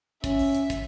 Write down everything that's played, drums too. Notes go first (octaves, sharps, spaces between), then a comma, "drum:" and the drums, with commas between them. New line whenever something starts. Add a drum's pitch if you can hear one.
C#4 E5, drum: kick, hi-hat
drum: open hi-hat
drum: hi-hat
drum: kick, hi-hat